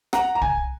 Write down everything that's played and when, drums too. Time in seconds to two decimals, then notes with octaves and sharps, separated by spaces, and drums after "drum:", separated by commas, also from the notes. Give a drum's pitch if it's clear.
0.13 F#5 A#5, drum: rim click
0.35 A#5
0.42 G#5, drum: kick